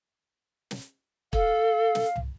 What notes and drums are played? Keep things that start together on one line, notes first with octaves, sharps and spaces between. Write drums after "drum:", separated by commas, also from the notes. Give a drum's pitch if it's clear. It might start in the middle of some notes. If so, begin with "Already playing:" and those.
drum: snare
A4 F5, drum: kick
drum: snare
drum: tom C2